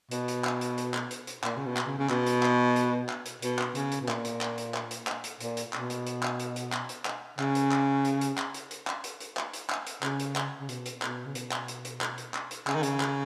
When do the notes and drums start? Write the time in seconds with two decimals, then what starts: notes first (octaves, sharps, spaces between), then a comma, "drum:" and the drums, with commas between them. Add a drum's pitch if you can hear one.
0.11 B2, drum: hi-hat
0.28 drum: hi-hat
0.44 drum: clap
0.61 drum: hi-hat
0.78 drum: hi-hat
0.94 drum: clap
1.11 drum: hi-hat
1.27 drum: hi-hat
1.44 A#2, drum: clap
1.57 C#3
1.66 B2
1.77 drum: clap
1.87 C#3
1.98 C#3
2.09 B2, drum: clap
2.26 drum: hi-hat
2.43 drum: clap
2.76 drum: hi-hat
3.09 drum: clap
3.25 drum: hi-hat
3.42 B2, drum: hi-hat
3.58 drum: clap
3.75 C#3, drum: hi-hat
3.91 drum: hi-hat
4.01 B2
4.08 A#2, drum: clap
4.25 drum: hi-hat
4.41 drum: clap
4.58 drum: hi-hat
4.74 drum: clap
4.91 drum: hi-hat
5.07 drum: clap
5.24 drum: hi-hat
5.40 A#2, drum: hi-hat
5.57 drum: hi-hat
5.73 B2, drum: clap
5.90 drum: hi-hat
6.06 drum: hi-hat
6.23 drum: clap
6.39 drum: hi-hat
6.56 drum: hi-hat
6.72 drum: clap
6.89 drum: hi-hat
7.05 drum: clap
7.39 C#3, drum: clap
7.55 drum: hi-hat
7.71 drum: clap
8.05 drum: hi-hat
8.21 drum: hi-hat
8.38 drum: clap
8.54 drum: hi-hat
8.71 drum: hi-hat
8.87 drum: clap
9.04 drum: hi-hat
9.20 drum: hi-hat
9.37 drum: clap
9.53 drum: hi-hat
9.70 drum: clap
9.86 drum: hi-hat
10.03 C#3, drum: clap
10.19 drum: hi-hat
10.36 drum: clap
10.60 C#3
10.69 B2, drum: hi-hat
10.85 drum: hi-hat
11.02 B2, drum: clap
11.26 C#3
11.35 B2, drum: hi-hat
11.52 drum: clap
11.68 drum: hi-hat
11.85 drum: hi-hat
12.01 drum: clap
12.18 drum: hi-hat
12.34 drum: clap
12.51 drum: hi-hat
12.67 C#3, drum: clap
12.75 D#3
12.83 C#3, drum: hi-hat
13.00 drum: clap